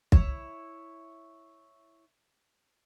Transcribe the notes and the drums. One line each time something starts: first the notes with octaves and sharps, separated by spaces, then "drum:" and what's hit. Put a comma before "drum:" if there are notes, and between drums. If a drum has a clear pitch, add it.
E4 C#5, drum: kick